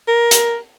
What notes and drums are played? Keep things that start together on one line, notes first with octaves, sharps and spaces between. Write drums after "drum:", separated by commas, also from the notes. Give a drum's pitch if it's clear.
A#4
drum: hi-hat